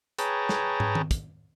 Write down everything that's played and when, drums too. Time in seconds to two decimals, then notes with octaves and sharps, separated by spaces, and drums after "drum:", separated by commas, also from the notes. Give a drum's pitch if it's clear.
0.19 G#4 B4 C#5 G5 A5 A#5, drum: hi-hat
0.49 drum: snare
0.80 drum: tom
0.95 drum: tom D#3
1.11 drum: kick, hi-hat